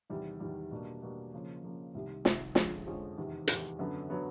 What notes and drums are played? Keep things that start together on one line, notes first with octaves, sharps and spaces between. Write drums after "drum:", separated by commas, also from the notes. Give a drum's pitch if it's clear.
E2 C3 D#3 G3
E2 C3 D#3 G3
B2 G3 A#3 D4
B2 G3 A#3 D4
C#3 F3 A#3
C#3 F3 A#3
C2 C3 D#3
C2 C3 D#3, drum: snare
F2 D3 F3 G#3 C#4, drum: snare
F2 D3 F3 G#3 C#4
E2 C3 D#3
E2 C3 D#3, drum: hi-hat
F#2 D3 F#3 B3
D3 F#3 B3